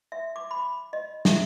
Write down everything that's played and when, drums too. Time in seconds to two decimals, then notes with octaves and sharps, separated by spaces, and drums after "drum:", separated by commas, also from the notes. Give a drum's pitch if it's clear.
0.12 E5
0.36 D6
0.51 B5
0.93 D#5
1.25 E5, drum: snare